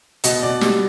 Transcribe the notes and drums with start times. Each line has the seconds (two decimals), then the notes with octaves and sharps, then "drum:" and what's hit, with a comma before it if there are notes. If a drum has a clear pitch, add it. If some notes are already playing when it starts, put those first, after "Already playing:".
0.24 B2 D#5, drum: hi-hat
0.42 B2 D5
0.61 G3, drum: snare